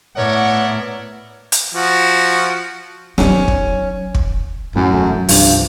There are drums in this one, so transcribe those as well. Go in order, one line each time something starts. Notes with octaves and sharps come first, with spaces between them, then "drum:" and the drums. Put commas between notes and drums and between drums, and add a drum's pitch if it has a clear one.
A2 B3 A#4 C#5 D5 E5 F#5
drum: hi-hat
F3 F#4
F#3 C#4 D#4, drum: snare
drum: kick
drum: kick
F#2 A2 F#3
E1 A3
C2 G2 F3, drum: open hi-hat